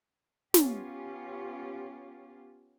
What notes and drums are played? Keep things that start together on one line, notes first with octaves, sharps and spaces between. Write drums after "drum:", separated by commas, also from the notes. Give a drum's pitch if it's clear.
B3 C#4 F4 G4, drum: snare